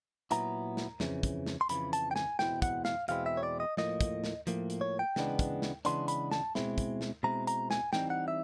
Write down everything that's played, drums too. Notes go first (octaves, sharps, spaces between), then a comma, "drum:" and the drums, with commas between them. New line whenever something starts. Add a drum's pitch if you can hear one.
A#2 F#3 B3 E4 A#5, drum: hi-hat
drum: snare
F2 C#3 E3, drum: snare
drum: kick, hi-hat
drum: snare
C6
F2 C#3 E3 B5, drum: hi-hat
A5, drum: hi-hat
G5
G#5, drum: snare
E2 B2 G#3 C4 E4 G5, drum: snare
F#5, drum: kick, hi-hat
F5, drum: snare
E2 B2 G#3 C4 E4 F5, drum: hi-hat
E5
C#5
D5
D#5
A2 F3 A#3 D#5, drum: snare
drum: kick, hi-hat
drum: snare
A2 F3 A#3, drum: hi-hat
drum: hi-hat
C#5
G5
C#3 E3 G#3 B3 D4, drum: snare
drum: kick, hi-hat
drum: snare
C#3 E3 G#3 B3 D4 C6, drum: hi-hat
B5, drum: hi-hat
A5, drum: snare
B2 G#3 C4 E4, drum: snare
drum: kick, hi-hat
drum: snare
B2 G#3 C4 E4 A#5
A#5, drum: hi-hat
G#5, drum: snare
E3 G3 C4 D#4 G5, drum: snare
F#5
E5